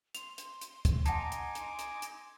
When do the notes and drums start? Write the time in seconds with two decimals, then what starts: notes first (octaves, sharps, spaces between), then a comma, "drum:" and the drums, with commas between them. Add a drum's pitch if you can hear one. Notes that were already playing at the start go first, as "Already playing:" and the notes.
0.15 C6 F7, drum: hi-hat
0.38 drum: hi-hat
0.61 drum: hi-hat
0.85 drum: kick C2, hi-hat
1.06 D#4 F#5 G#5 A5 D6, drum: hi-hat
1.32 drum: hi-hat
1.55 drum: hi-hat
1.79 drum: hi-hat
2.02 drum: hi-hat